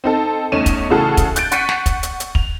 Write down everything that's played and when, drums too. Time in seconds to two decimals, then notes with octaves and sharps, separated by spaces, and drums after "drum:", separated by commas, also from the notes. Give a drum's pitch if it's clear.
0.04 C4 D#4 A4
0.52 E2 A3 C#4 D#4 D#7 E7
0.66 drum: kick, hi-hat
0.90 A2 C#3 E3 F#4 G#4 A4
1.17 drum: kick, hi-hat
1.36 F#6 G6 A6 D7, drum: hi-hat
1.52 F#5 C#6 F#6 B6 C#7 D#7, drum: hi-hat
1.69 drum: snare
1.86 drum: kick, hi-hat
2.03 drum: hi-hat
2.20 drum: hi-hat
2.35 F7, drum: kick